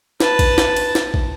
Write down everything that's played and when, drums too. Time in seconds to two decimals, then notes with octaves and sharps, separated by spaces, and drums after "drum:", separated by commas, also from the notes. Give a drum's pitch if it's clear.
0.20 B4 A5, drum: snare
0.39 drum: kick, cymbal
0.58 drum: snare
0.77 drum: cymbal
0.95 drum: snare
1.14 drum: kick